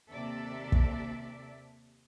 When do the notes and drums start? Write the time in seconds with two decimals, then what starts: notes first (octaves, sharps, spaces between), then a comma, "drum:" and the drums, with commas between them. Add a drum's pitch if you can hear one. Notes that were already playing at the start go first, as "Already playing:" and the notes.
0.11 D#2 C3 A4 D5 E5
0.72 drum: kick